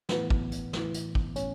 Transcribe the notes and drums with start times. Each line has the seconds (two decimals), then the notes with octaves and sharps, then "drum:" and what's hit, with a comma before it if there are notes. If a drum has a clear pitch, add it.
0.09 A2 E3 B3, drum: snare
0.30 drum: kick
0.52 drum: hi-hat
0.73 A2 E3, drum: snare
0.94 drum: hi-hat
1.15 drum: kick
1.36 A2 C#4, drum: hi-hat